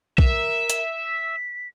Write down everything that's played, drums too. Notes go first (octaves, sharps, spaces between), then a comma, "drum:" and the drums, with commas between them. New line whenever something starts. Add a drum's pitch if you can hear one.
A#4 E5, drum: kick B1
drum: hi-hat
B6